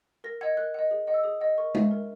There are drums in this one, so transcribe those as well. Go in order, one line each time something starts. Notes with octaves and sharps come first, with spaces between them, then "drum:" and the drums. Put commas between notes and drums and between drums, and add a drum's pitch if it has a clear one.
A#4 A#6
D#5 F#5 G#6
A#4 F#6
D#5 F#5
G#4
D#5 F#5
E6
G#4 D#6
D#5 F#5
A#4 C#6
E5, drum: tom G#3
A#4